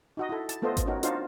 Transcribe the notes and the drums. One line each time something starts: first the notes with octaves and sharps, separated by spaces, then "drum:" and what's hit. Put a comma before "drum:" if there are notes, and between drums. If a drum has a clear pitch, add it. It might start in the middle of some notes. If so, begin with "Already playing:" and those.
D#4 F#4 D#5
E4 A4
A5, drum: hi-hat
A3 B3 F4 A4 C5 D#5
drum: kick G#1, hi-hat
C#4 D#4 F#4 A#4
D4 D#4 F4 F#4 C5 F5, drum: hi-hat